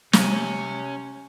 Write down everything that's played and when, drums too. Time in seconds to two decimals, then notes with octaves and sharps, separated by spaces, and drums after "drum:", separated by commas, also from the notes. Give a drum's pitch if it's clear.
0.13 C3 C#4, drum: snare